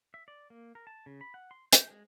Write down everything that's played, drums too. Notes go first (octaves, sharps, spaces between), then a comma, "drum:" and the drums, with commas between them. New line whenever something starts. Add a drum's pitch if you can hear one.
E5
D5
A#3
A#4
A5
C#3
B5
F#5
C6
G6, drum: hi-hat
G#3